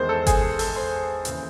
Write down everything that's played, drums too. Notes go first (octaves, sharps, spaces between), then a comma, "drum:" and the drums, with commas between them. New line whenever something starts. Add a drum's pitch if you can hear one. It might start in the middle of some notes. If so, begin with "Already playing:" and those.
Already playing: E2 D#3 G#3 C5
A4
G#4, drum: kick G1, hi-hat
A4, drum: open hi-hat
C5
D#2 C#3 E3, drum: hi-hat